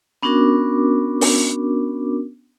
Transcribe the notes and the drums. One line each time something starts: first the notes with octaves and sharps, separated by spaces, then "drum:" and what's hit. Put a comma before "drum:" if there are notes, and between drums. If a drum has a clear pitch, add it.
B3 C#4 D4 F#4 A#4 D6
drum: open hi-hat